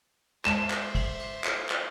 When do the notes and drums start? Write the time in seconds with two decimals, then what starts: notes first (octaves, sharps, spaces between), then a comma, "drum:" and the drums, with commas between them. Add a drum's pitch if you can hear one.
0.45 G#3 C5 E5 A5 E7, drum: clap
0.70 drum: clap
0.95 drum: kick, cymbal
1.20 drum: cymbal
1.44 drum: clap
1.69 drum: clap